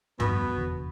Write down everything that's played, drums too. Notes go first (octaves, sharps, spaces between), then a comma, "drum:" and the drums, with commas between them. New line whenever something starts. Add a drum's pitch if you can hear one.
D#1 A1 F2 B2 B3, drum: tom
F1 E2 D3